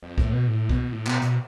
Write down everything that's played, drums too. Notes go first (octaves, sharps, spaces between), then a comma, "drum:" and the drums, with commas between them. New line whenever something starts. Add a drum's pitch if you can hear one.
F2
A2, drum: kick
B2
A2
B2, drum: kick
A2
B2, drum: clap
B2, drum: hi-hat